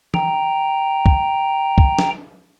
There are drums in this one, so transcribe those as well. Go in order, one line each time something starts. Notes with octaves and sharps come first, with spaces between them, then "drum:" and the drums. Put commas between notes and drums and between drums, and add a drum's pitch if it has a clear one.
G5 A#5, drum: tom E3
drum: kick
drum: kick
drum: snare